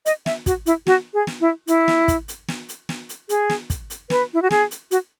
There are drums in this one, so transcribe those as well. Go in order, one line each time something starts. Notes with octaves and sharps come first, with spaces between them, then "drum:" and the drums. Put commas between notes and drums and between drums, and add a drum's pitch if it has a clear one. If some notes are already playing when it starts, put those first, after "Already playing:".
D#5, drum: hi-hat
E5, drum: snare
F#4, drum: kick, hi-hat
E4, drum: hi-hat
F#4, drum: snare
G#4
drum: snare
E4
E4, drum: hi-hat
drum: snare
drum: kick, hi-hat
drum: hi-hat
drum: snare
drum: hi-hat
drum: snare
drum: hi-hat
G#4, drum: hi-hat
drum: snare
drum: kick, hi-hat
drum: hi-hat
B4, drum: snare
E4
F#4
G#4, drum: snare
drum: hi-hat
F#4, drum: hi-hat